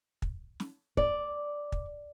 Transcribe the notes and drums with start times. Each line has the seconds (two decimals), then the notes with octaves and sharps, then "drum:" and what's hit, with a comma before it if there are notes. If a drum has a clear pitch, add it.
0.22 drum: kick
0.60 drum: snare
0.97 D5, drum: kick
1.72 drum: kick